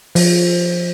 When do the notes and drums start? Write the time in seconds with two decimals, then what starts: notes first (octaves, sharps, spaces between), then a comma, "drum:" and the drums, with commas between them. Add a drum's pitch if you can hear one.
0.15 F3, drum: open hi-hat